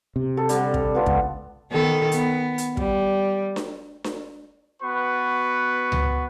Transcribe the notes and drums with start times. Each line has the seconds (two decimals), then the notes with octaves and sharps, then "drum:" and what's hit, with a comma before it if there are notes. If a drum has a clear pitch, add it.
0.16 C3
0.37 A4
0.49 D3 G3, drum: hi-hat
0.74 drum: kick
0.95 B3 F4 A4
1.06 C#2, drum: kick
1.71 D#3 B3 A4
2.12 B3, drum: hi-hat
2.58 drum: hi-hat
2.77 G3, drum: kick
3.56 drum: snare D4
4.04 drum: snare D4
4.82 B3 F#4 B4 C#6
5.92 drum: tom C#2